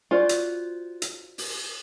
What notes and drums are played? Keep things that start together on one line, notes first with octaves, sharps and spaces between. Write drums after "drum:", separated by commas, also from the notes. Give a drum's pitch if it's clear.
F4 F#4 C5 D5
drum: hi-hat
drum: hi-hat
drum: open hi-hat